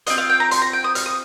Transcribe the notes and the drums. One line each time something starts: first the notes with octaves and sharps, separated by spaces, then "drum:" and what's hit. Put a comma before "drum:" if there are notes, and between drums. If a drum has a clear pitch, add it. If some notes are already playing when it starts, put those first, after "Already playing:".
C4 F4 D#5, drum: hi-hat
F5
G5
A#5
C6, drum: hi-hat
A#5
G5
D#6
F6, drum: hi-hat
D#6